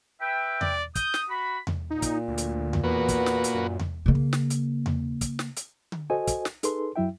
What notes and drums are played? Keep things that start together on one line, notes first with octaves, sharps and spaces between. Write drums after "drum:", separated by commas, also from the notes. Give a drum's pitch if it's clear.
B4 E5 G5
D5, drum: tom E2
D#6 G6, drum: kick, hi-hat
drum: snare
F#4 B5
drum: tom E2
A#2 D#4
drum: kick, hi-hat
D2
drum: hi-hat
drum: tom E2
E2 A#3 B3 F#4 B4
drum: kick, hi-hat
drum: snare
drum: hi-hat
F#2
drum: tom E2
C#3 A#3
drum: kick
drum: snare
drum: hi-hat
drum: tom E2
drum: kick, hi-hat
drum: snare
drum: hi-hat
drum: tom D3
F#4 A4 C5 D#5 G#5
drum: kick, hi-hat
drum: snare
D#4 G#4 A4 B4 C6, drum: hi-hat
F#2 F#3 E4 E5 G5